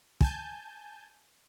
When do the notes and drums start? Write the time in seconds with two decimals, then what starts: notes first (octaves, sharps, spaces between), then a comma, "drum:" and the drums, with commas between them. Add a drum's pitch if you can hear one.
0.21 G#5 A5 G6, drum: kick